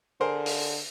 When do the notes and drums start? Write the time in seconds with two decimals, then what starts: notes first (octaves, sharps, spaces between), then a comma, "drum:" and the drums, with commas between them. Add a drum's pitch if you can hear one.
0.21 D3 G#4 A#4 C5
0.46 drum: open hi-hat